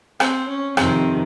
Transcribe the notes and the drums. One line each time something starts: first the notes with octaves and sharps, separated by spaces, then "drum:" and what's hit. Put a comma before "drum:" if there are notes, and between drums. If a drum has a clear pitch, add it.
C4, drum: rim click
C#4
F2 C3 D#3 C4, drum: rim click